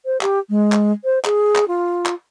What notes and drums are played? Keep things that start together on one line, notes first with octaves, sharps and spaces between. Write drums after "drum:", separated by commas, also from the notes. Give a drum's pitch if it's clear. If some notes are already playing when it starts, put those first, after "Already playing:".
C5
G4, drum: clap
G#3
drum: clap
C5
G#4, drum: clap
drum: clap
F4
drum: clap